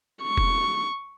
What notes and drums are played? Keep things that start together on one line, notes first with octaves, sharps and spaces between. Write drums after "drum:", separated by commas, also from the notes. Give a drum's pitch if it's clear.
C#6
drum: kick F1